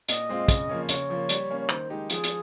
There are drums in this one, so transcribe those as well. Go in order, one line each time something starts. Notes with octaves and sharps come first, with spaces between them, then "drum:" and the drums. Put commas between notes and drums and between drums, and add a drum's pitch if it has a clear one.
A#2 D#5, drum: hi-hat
G#3 C4 F4
C#3, drum: kick, hi-hat
F3 A#3 C#4
C#3 C#5, drum: hi-hat
F3 A#3
G3, drum: hi-hat
A#3 C#4
C#5
D#3 C5, drum: clap
G#3 D#4 G4
F3 G#4, drum: hi-hat
drum: hi-hat